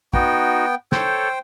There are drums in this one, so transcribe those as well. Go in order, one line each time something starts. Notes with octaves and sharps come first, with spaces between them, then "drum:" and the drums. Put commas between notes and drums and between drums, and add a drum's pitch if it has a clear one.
B3 D#4 F#4 G5, drum: kick
A4 C5 C#5 G5, drum: snare